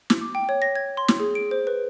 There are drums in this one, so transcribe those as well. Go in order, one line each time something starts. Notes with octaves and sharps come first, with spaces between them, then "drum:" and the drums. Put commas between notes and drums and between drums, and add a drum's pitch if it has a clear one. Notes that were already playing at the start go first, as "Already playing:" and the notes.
drum: snare
D6
G5
C#5
A#6
G#6
C6
drum: snare
G#4
D7
C5
B4